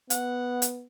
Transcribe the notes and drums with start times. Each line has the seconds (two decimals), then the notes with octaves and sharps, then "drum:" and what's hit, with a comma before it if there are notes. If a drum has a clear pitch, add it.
0.10 B3 F#5, drum: hi-hat
0.62 drum: hi-hat